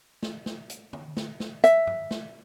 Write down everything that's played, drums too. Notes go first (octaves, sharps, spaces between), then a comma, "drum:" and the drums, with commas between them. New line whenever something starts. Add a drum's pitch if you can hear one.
drum: snare
drum: snare
drum: hi-hat
drum: tom
drum: snare
drum: snare
E5, drum: hi-hat
drum: tom G2
drum: snare